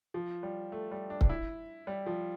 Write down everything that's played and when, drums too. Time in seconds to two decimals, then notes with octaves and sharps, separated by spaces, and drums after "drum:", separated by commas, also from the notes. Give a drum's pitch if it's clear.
0.14 F3
0.43 G3
0.72 A3
0.92 G3
1.10 D4
1.21 D4, drum: kick C#1
1.29 E4
1.87 G3
2.06 F3